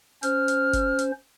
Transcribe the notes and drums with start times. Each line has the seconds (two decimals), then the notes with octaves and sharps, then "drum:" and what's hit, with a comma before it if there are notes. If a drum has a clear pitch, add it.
0.23 C#4 C5 F6, drum: hi-hat
0.48 drum: hi-hat
0.73 drum: kick F#1, hi-hat
0.99 drum: hi-hat